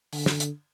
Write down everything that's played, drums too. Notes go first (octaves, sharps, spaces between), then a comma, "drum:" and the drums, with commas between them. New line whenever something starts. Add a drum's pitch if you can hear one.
D3, drum: open hi-hat
drum: snare
drum: hi-hat